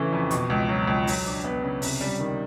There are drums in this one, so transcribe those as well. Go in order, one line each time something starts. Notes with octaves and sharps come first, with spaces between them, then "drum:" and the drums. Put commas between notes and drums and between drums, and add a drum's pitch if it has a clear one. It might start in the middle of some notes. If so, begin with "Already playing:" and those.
Already playing: A2 C#3 E3 A3
F2
B2, drum: hi-hat
C#2
F#3
C#2
F#3, drum: open hi-hat
D4
B3
C#3
C3, drum: open hi-hat
G3
D#3